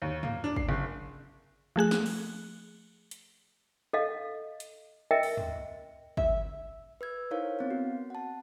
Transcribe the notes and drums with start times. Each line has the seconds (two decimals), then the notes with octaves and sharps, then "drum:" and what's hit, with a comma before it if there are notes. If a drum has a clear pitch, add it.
0.02 D#2
0.23 A#3, drum: tom
0.44 D4
0.56 C7, drum: kick
0.69 F#1
1.76 F3 A3 G#4 F#6
1.91 drum: snare
2.06 drum: cymbal
3.11 drum: hi-hat
3.93 A4 D#5 F5
4.60 drum: hi-hat
5.11 A#4 D#5 E5 G5
5.23 drum: open hi-hat
5.37 drum: tom
6.17 E5, drum: kick
7.01 B4 E6 G#6
7.31 D#4 E4 A#4 C5 C#5 F5
7.59 B3 C4 F5
7.70 F#4
8.10 F#5 A5